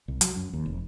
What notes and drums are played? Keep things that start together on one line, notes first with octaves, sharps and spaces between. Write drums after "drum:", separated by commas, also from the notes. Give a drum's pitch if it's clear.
C2
F#3, drum: hi-hat
F#2
D#2
F1